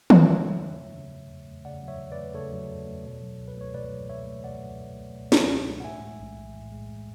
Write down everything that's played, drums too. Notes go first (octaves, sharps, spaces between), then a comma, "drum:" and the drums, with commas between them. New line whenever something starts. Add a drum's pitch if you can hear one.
drum: tom D#3
C#3 C#5 E5
F#3
E2
A3
C#3
F#3
E2
A3
C#3 D5 F#5
F#3
C#5 E5
E2
B4 D5
A3
C#3 A4 C#5
F#3
E2
A3
B2
F#3
C#2
B4
A3 C#5
B2 B4 D5
F#3
C#2 C#5 E5
A3
B2 D5 F#5
F#3
C#2
A3
B2
F#3, drum: snare
C#2
A3
F#5
A2 E5 G#5
G#3
B1
B1
A2
G#3
B1